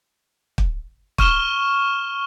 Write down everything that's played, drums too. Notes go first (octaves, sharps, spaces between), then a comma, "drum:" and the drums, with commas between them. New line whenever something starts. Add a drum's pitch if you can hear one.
drum: kick
C#6 F6 E7 G7, drum: kick